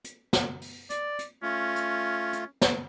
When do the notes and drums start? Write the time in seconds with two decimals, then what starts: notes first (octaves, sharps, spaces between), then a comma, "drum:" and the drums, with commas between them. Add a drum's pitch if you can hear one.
0.04 drum: hi-hat
0.33 drum: snare
0.61 drum: open hi-hat
0.90 D5, drum: hi-hat
1.19 drum: hi-hat
1.43 A3 C#4 F4
1.76 drum: hi-hat
2.33 drum: hi-hat
2.62 drum: snare